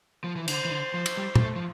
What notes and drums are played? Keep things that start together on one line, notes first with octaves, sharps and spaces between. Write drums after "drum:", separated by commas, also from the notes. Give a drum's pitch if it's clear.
F3
E3
D3 C5, drum: cymbal
E3
D3
F3
drum: cymbal
G3
G3, drum: tom
A3
F3